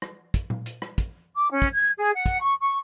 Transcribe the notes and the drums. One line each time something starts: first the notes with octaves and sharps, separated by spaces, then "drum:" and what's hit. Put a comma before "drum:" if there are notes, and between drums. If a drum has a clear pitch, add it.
drum: rim click
drum: kick, hi-hat
drum: tom A#2
drum: hi-hat
drum: rim click
drum: kick, hi-hat
D6
C#4
drum: kick, hi-hat
G#6
G#4
F#5
drum: kick, hi-hat
C#6
C#6